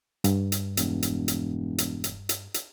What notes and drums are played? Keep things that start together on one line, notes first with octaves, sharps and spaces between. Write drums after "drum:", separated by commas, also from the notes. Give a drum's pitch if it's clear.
G2, drum: hi-hat
drum: hi-hat
E1, drum: hi-hat
drum: hi-hat
drum: hi-hat
drum: hi-hat
drum: hi-hat
drum: hi-hat
drum: hi-hat